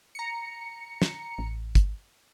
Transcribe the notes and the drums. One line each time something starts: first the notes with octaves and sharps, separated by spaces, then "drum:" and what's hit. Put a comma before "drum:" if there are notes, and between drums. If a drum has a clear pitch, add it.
A#5 C#7
drum: snare
A1
drum: kick, hi-hat